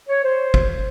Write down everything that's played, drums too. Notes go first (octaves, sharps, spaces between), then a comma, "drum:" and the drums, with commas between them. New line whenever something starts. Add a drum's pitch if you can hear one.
C#5
C5
drum: kick